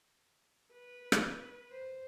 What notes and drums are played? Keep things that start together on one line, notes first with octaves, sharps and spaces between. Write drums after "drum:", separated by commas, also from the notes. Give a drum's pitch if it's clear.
B4
drum: rim click
C5